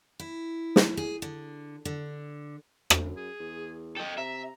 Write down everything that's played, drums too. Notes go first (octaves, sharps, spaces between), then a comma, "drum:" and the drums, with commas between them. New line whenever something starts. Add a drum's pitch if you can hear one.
E4
drum: snare
G#4
D3
D3
drum: rim click
F#2
G#4
E2
A4 D#5 G5
C3 E5 A#5